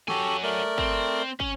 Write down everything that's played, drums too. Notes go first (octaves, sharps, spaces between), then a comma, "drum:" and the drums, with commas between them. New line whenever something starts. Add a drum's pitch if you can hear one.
F#3 F#4 G4 A4 G#5, drum: snare
A3 A#4 D5
C4, drum: kick
C#4, drum: kick